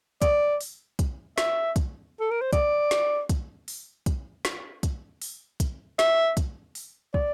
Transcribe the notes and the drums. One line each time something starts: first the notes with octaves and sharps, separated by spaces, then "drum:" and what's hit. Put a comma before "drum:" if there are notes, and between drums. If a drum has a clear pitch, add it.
D5, drum: kick, hi-hat
drum: open hi-hat
drum: kick, hi-hat
E5, drum: snare
drum: kick, hi-hat
A4
A#4
C5
D5, drum: kick, hi-hat
drum: snare
drum: kick, hi-hat
drum: open hi-hat
drum: kick, hi-hat
drum: snare
drum: kick, hi-hat
drum: open hi-hat
drum: kick, hi-hat
E5, drum: snare
drum: kick, hi-hat
drum: open hi-hat
D5, drum: kick